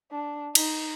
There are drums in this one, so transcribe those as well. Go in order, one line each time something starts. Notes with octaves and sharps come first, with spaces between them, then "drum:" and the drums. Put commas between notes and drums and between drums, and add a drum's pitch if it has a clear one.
D4
D#4, drum: cymbal